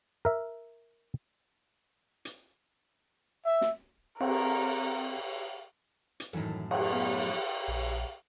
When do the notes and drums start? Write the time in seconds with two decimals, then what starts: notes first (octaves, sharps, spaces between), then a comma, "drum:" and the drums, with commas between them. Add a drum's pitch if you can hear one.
0.25 A#4 E5
2.25 drum: hi-hat
3.45 E5
3.61 drum: snare
4.21 C4 A4 A#4, drum: cymbal
6.20 drum: hi-hat
6.33 F#2 A2 D#3 E3 A4
6.71 E4 D#5, drum: cymbal
6.93 B3 E4
7.24 F3
7.68 A#1